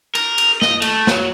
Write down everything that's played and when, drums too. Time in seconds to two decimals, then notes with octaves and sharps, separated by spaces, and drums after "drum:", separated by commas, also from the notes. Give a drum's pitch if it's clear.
0.15 A#4, drum: cymbal
0.38 drum: cymbal
0.62 D#5, drum: snare
0.82 A3, drum: cymbal
1.07 F#3, drum: snare